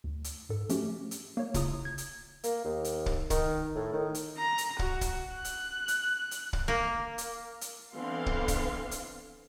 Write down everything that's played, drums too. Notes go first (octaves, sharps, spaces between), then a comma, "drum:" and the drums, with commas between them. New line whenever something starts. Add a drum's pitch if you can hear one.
D2
drum: hi-hat
G#2 A4
F3 A3 C#4 F#4 G4, drum: hi-hat
drum: hi-hat
A#3 C#5
C#3 E4 F4 A#5 D#6, drum: kick, hi-hat
G#6
drum: hi-hat
A#3, drum: hi-hat
D#2
drum: hi-hat
drum: kick
D#3, drum: kick, hi-hat
A2
D#3
drum: hi-hat
A#5
drum: hi-hat
F#4, drum: kick
drum: kick, hi-hat
F#6
drum: hi-hat
drum: hi-hat
drum: hi-hat
drum: kick
A#3
drum: hi-hat
drum: hi-hat
D3 E3 B3 C4 F5 C6
drum: kick
drum: kick, hi-hat
drum: hi-hat